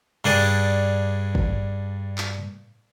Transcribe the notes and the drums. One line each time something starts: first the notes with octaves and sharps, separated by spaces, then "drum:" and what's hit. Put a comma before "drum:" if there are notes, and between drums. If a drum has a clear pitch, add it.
G2 D4 G#4 D5
drum: kick
drum: clap